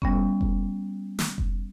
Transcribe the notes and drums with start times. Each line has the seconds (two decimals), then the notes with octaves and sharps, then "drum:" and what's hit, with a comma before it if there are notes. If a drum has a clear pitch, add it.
0.02 G3 B3 C#4, drum: kick F1
0.41 drum: kick F1
1.19 drum: snare
1.38 drum: kick F1